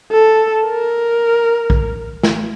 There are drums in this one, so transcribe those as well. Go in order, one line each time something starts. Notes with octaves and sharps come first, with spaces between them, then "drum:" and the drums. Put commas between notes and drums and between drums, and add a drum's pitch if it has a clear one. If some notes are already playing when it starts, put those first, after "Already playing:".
A4
A#4
drum: kick
drum: snare